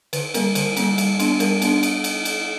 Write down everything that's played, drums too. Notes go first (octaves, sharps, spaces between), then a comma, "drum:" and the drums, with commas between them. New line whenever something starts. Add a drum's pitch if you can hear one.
D3 B4, drum: cymbal
G3 A#3 C#4 A#4, drum: cymbal
D3 A#4, drum: cymbal
G3 A#3 C#4, drum: cymbal
G3, drum: cymbal
B3 D4, drum: cymbal
G3 A#4, drum: cymbal
B3 D4, drum: cymbal
drum: cymbal
drum: cymbal
drum: cymbal